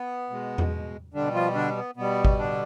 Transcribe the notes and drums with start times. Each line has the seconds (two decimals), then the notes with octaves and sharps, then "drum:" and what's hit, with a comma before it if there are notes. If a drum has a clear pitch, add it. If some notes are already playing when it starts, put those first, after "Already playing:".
Already playing: B3
0.30 B2 G#3
0.58 drum: tom E2
1.14 B2 D3 G3 D4
1.34 F3 F4
1.55 D3 D4
1.76 B3
1.96 B2 G3 B3
2.25 drum: kick G#1
2.39 D3 D4